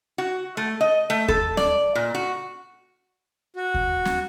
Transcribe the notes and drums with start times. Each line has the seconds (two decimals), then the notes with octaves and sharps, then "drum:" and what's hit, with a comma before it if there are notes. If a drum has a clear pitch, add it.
0.18 F#4
0.57 A3
0.81 D#5
1.10 A3
1.28 A4, drum: kick D#2
1.57 D5, drum: snare
1.95 A#2
2.15 F#4
3.56 F#4
3.74 drum: kick D#2
4.05 drum: snare